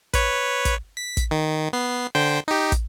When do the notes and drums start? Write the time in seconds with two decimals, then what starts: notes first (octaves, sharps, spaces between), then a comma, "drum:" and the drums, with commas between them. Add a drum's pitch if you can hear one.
0.14 B4 C#5, drum: kick, hi-hat
0.65 drum: kick, hi-hat
0.97 B6
1.17 drum: kick, hi-hat
1.31 D#3
1.73 B3 C7
2.15 D3 C5 G5
2.48 D#4 G4
2.72 drum: kick, hi-hat